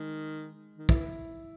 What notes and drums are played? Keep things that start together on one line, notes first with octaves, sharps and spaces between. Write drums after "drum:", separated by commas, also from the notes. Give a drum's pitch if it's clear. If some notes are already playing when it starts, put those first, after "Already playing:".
Already playing: D#3 G#3
D#3
E3 E4, drum: kick